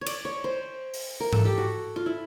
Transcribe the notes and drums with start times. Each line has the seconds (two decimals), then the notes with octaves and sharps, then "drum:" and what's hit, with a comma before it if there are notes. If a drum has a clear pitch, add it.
0.01 C#5
0.06 D5, drum: cymbal
0.25 C#5
0.44 C5
0.94 drum: open hi-hat
1.20 A#4
1.33 A4, drum: tom G#2
1.45 G4
1.58 F#4
1.96 F4
2.06 E4